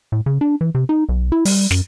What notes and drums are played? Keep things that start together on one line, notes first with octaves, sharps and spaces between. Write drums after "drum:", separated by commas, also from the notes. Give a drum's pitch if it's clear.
A2
C#3
D4
E3
C3
D#4
B1
E4
G3, drum: open hi-hat
F#2, drum: snare